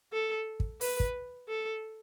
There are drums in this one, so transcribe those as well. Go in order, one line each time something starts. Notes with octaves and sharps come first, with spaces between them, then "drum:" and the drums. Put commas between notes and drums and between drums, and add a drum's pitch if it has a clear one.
A4
drum: kick
B4, drum: open hi-hat
drum: kick
A4